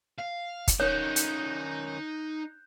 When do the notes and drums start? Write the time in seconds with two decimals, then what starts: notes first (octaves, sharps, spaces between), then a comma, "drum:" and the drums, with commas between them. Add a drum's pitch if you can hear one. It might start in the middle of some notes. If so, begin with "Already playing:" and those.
0.19 F5
0.68 drum: kick, hi-hat
0.80 D#3 C#4 D#4 C#5 F#6 G6 E7
1.16 drum: hi-hat